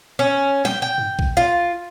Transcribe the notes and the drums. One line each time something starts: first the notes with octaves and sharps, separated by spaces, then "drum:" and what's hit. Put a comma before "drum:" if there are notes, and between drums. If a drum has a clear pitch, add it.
C#4
G5, drum: snare
G5
drum: tom G2
drum: kick A#1
F4